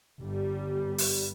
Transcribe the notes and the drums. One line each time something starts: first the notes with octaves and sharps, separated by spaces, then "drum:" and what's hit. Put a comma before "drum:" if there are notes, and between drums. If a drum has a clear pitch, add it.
G1 G3
drum: open hi-hat